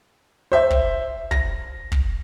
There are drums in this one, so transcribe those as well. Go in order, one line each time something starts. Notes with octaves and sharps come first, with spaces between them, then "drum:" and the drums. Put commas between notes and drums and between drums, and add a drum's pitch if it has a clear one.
C5 E5
drum: kick
A#6, drum: kick
drum: kick